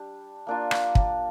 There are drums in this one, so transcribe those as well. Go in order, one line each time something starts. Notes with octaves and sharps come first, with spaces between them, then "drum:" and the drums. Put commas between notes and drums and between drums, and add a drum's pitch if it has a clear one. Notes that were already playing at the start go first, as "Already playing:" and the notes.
Already playing: G3 D4
A#3 D4 F4
drum: rim click
drum: kick